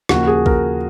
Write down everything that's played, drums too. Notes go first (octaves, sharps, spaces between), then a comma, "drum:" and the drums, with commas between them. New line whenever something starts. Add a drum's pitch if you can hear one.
D#2 C#3 F3 A#3 F#4, drum: rim click
G#4
A#4, drum: kick A#1